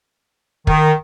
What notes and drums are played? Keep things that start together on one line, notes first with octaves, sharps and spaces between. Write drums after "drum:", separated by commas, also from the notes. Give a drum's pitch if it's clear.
D#3, drum: kick